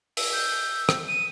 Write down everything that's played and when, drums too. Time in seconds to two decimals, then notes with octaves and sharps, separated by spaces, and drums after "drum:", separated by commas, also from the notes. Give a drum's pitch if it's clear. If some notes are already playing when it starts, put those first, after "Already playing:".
0.17 E6, drum: open hi-hat
0.33 G6
0.89 drum: rim click
1.08 D#7